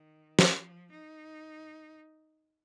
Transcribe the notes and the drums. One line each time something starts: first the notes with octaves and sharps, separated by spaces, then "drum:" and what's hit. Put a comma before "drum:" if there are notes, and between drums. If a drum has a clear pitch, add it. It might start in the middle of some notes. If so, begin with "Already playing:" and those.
Already playing: D#3
drum: snare
F3
D#4